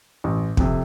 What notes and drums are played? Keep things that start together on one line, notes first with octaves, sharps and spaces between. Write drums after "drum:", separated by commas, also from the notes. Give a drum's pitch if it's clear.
A1
F2 C3, drum: kick